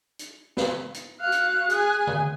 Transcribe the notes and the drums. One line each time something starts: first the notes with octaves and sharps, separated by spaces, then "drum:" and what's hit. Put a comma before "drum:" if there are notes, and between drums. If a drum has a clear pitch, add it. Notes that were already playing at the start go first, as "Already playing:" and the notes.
drum: hi-hat
drum: snare
drum: hi-hat
F#4 F5 F#6
drum: hi-hat
G#4 G#5, drum: hi-hat
drum: tom D3